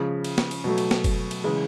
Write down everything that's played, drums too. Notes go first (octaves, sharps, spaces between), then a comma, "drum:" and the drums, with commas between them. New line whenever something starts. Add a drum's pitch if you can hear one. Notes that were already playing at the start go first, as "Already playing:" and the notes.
Already playing: C#3 F3 G#3
drum: cymbal
drum: snare
drum: cymbal
B2 F#3 A3
drum: cymbal
drum: snare
drum: kick F1, cymbal
drum: cymbal
C#3 E3 G#3